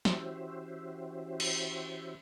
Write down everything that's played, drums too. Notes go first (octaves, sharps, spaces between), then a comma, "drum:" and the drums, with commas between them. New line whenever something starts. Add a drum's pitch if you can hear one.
E3 C#4 F#4 G4 C5 E5, drum: snare
drum: cymbal